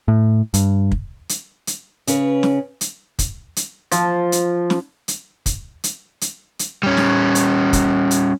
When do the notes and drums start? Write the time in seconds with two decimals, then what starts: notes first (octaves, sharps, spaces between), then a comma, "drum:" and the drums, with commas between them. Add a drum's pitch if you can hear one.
0.08 A2
0.54 G2, drum: hi-hat
0.92 drum: kick
1.29 drum: hi-hat
1.67 drum: hi-hat
2.07 C#3 C#4 B4, drum: hi-hat
2.43 drum: snare
2.81 drum: hi-hat
3.19 drum: kick, hi-hat
3.56 drum: hi-hat
3.91 F3, drum: hi-hat
4.32 drum: hi-hat
4.70 drum: snare
5.08 drum: hi-hat
5.46 drum: kick, hi-hat
5.84 drum: hi-hat
6.21 drum: hi-hat
6.59 drum: hi-hat
6.83 G3 C#4
6.97 drum: snare
7.35 drum: hi-hat
7.73 drum: kick, hi-hat
8.11 drum: hi-hat